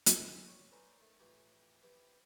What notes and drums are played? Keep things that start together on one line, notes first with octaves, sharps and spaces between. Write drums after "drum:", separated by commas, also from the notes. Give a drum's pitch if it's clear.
drum: hi-hat
B1 G#3 D#5
G4 C#5 D5
C#4 D4 A4 B4 C5 A#5
D#3 A3
F2 A2 E3 F3 G4 G#5
F3 B3 E4 G4